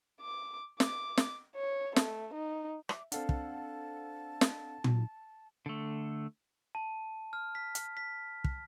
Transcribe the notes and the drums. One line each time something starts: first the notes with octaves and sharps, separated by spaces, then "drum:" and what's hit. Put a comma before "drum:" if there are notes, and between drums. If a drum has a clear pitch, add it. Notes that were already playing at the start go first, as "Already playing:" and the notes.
D6
D6, drum: snare
drum: snare
C#5
A3, drum: snare
D#4
E5 D6, drum: rim click
C4 D4 A4 F5 F#5 A5, drum: hi-hat
drum: kick
drum: snare
drum: tom A#2
D3 A3
A5
F6
B6
drum: hi-hat
B6
drum: kick